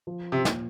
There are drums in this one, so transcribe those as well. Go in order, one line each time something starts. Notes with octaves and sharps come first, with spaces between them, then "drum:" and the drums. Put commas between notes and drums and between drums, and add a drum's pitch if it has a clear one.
F3
C3
A#2, drum: snare